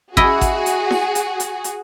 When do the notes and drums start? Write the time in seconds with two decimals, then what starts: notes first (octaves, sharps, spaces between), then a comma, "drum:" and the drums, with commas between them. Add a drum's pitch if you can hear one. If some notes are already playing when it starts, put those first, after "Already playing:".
0.17 E4 F#4 G#4 D#5, drum: kick G#1
0.41 drum: kick G#1, hi-hat
0.66 drum: hi-hat
0.91 drum: snare E4
1.15 drum: hi-hat
1.40 drum: hi-hat
1.64 drum: hi-hat